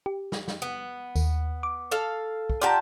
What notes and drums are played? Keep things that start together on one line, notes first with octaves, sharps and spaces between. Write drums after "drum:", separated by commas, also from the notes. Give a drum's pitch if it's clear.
G4
drum: snare
drum: snare
B3
D#2, drum: tambourine
D6
A4 F5
drum: kick
F4 G4 D5 F#5 A5 A#5